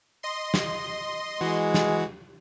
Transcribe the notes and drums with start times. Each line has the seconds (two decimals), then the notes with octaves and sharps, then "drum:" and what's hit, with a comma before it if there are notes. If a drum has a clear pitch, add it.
0.23 D#5 C6
0.54 drum: snare
1.41 E3 G#3 F#4
1.74 drum: snare